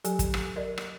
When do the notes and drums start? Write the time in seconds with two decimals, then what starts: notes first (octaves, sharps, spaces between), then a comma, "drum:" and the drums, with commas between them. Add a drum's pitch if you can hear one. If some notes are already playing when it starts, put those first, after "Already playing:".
0.04 F#3 G4 A4 G#5, drum: hi-hat
0.19 drum: kick, hi-hat
0.34 drum: rim click
0.56 A#4 D5 D#5
0.78 drum: rim click